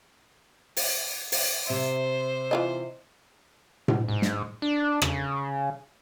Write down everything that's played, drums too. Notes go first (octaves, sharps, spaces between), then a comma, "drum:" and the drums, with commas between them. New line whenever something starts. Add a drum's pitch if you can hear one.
drum: open hi-hat
drum: open hi-hat
C3 C5 E5
E3 F4 D#5
drum: tom A2
G#2
drum: snare
D4
C#3, drum: rim click